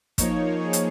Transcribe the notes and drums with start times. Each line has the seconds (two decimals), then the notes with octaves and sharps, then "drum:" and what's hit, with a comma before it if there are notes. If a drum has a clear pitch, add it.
0.18 F3 A#3 D#4 C#5, drum: kick, hi-hat
0.59 G#4
0.73 drum: hi-hat